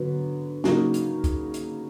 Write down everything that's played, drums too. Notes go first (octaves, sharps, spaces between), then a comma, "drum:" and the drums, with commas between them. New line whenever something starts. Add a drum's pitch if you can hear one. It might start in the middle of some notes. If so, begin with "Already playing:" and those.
Already playing: D3 F#3 B3
C#3 F#3 A#3 D#4 F#4, drum: snare
drum: hi-hat
drum: kick C2, hi-hat
drum: hi-hat